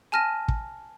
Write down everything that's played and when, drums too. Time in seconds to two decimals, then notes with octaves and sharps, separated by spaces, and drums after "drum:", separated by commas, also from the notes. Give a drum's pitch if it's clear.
0.12 G#5 A5 F6 A#6 D#7
0.48 drum: kick